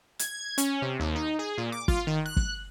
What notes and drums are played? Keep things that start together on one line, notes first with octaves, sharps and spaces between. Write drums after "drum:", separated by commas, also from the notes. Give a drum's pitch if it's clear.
G#6, drum: hi-hat
C#4, drum: hi-hat
C3
D#2
D#4
G#4
A#2
D6
F4, drum: kick
D#3
F#6
drum: kick